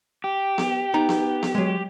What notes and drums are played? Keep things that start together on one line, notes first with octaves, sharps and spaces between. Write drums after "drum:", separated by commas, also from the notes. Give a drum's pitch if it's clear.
G4
drum: snare B3
B3 D#4 A#5
drum: snare B3
drum: snare B3
F#3 G#3